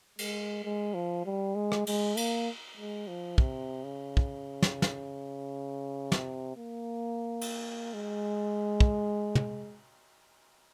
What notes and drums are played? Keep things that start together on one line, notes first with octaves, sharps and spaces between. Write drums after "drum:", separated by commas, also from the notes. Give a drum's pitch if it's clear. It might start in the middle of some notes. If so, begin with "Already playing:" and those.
G#3, drum: cymbal
G#3
F3
G3
G#3
drum: rim click
G#3, drum: cymbal
A#3, drum: cymbal
G#3
F3
C3, drum: kick
C#3
drum: kick
drum: snare
drum: snare
C3, drum: snare
A#3
drum: cymbal
G#3
drum: kick
drum: tom